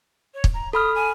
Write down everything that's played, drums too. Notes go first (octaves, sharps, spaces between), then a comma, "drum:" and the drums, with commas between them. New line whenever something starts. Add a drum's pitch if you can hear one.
C#5
drum: kick
A#5
A4 B5 D#6 F6
G#5